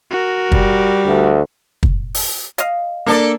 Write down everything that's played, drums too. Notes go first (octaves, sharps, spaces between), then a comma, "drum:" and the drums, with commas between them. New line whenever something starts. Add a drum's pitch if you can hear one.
F#4 A#4
G3, drum: kick
D2
drum: kick
drum: open hi-hat
D#5 F5, drum: hi-hat
A#3 D4 A4 D5